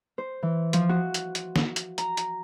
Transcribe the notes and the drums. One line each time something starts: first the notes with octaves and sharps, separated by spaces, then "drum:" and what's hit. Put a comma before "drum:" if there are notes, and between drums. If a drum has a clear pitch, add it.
C5
E3
F3, drum: hi-hat
F#4
drum: hi-hat
drum: hi-hat
drum: snare
drum: hi-hat
A#5, drum: hi-hat
drum: hi-hat